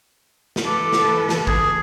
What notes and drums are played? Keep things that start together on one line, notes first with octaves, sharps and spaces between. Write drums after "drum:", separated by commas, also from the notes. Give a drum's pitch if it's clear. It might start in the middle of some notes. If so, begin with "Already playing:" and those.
drum: snare
E3 A4 B4 D6
drum: snare
drum: snare
G#4, drum: kick A1